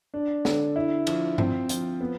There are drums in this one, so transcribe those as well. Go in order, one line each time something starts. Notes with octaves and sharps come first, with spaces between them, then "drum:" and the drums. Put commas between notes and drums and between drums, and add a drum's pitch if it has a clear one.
D4
D3, drum: snare
E4
F3, drum: cymbal
C4, drum: tom G2
F3, drum: hi-hat
B3